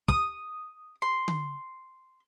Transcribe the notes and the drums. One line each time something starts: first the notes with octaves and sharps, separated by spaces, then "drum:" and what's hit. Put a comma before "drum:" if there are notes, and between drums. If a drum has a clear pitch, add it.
D#6, drum: kick
C6
drum: tom D3